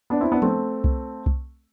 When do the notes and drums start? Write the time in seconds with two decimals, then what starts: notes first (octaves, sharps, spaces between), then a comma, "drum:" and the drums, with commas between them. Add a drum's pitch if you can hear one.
0.10 B3 D4
0.20 C4 E4
0.31 B3 D4
0.42 A3 C4, drum: tom F3
0.84 drum: kick C2
1.26 drum: kick C2